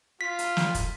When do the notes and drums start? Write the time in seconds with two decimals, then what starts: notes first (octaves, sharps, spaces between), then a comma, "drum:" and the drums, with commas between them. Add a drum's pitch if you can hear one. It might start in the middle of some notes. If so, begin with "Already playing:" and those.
0.21 F4 B6
0.39 drum: hi-hat
0.57 drum: snare
0.75 drum: kick, hi-hat